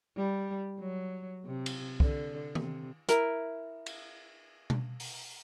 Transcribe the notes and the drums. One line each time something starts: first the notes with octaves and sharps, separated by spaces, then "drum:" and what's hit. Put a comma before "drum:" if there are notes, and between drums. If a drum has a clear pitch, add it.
G3
F#3
C3
drum: cymbal
D3, drum: kick
C3, drum: tom D#3
E4 A#4, drum: hi-hat
drum: cymbal
drum: tom B2
drum: open hi-hat